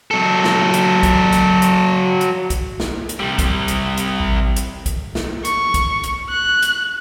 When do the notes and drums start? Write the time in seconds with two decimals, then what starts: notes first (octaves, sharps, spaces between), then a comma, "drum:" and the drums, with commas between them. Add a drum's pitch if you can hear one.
0.11 F#3 A4
0.44 drum: snare
0.74 drum: hi-hat
1.03 drum: kick, hi-hat
1.33 drum: hi-hat
1.62 drum: hi-hat
2.21 drum: hi-hat
2.50 drum: kick, hi-hat
2.80 drum: snare
3.09 drum: hi-hat
3.20 C3 G3
3.39 drum: kick, hi-hat
3.68 drum: hi-hat
3.97 drum: hi-hat
4.20 A1
4.56 drum: hi-hat
4.86 drum: kick, hi-hat
5.15 drum: snare
5.45 C#6, drum: hi-hat
5.74 drum: kick, hi-hat
6.04 drum: hi-hat
6.30 F#6
6.62 drum: hi-hat